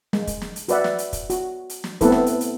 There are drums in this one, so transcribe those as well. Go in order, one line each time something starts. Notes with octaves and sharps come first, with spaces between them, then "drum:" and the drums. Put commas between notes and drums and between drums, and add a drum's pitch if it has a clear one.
G#3, drum: snare
drum: kick, hi-hat
drum: snare
drum: hi-hat
F#4 B4 D5 E5 F#5, drum: hi-hat
drum: snare
drum: hi-hat
drum: kick, hi-hat
F#4, drum: hi-hat
drum: hi-hat
drum: snare
A3 B3 C4 E4 A4 B4, drum: kick, hi-hat
drum: snare
drum: hi-hat
drum: hi-hat